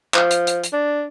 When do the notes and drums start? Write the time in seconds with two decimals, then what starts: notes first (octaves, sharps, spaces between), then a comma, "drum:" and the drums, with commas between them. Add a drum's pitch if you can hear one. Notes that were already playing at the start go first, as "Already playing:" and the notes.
0.14 F3, drum: clap
0.31 drum: hi-hat
0.47 drum: hi-hat
0.64 drum: hi-hat
0.73 D4